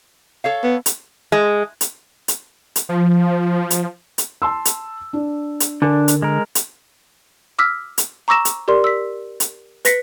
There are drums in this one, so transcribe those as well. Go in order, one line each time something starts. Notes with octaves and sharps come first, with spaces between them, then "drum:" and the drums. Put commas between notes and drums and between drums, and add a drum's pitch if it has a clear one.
A4 C#5 F5
B3
drum: hi-hat
G#3
drum: hi-hat
drum: hi-hat
drum: hi-hat
F3
drum: hi-hat
drum: hi-hat
A5 C6 E6
drum: hi-hat
D4
drum: hi-hat
D3 D4 A#4 G#5
drum: hi-hat
G#3 A#4
drum: hi-hat
D6 E6 F6 B6
drum: hi-hat
A#5 C#6 D6 E6 A#6 E7
drum: hi-hat
G4 A#4 D5 C6
E6 B6
drum: hi-hat
B4 A#6 B6 C#7, drum: hi-hat